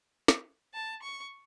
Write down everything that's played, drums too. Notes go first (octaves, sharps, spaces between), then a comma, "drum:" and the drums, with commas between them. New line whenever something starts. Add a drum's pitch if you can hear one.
drum: snare
A5
C#6